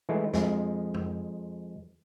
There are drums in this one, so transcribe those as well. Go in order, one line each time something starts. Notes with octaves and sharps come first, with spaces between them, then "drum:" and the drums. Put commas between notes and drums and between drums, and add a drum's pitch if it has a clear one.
E3 G#3 A3
F2 G#3, drum: snare
drum: tom